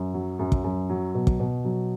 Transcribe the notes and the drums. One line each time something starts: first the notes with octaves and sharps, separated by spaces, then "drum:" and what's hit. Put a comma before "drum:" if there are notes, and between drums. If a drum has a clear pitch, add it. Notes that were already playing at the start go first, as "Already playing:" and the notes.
Already playing: F#2
F#3
F#2
drum: kick
F#2
F#3
B2
drum: kick
B2
F#3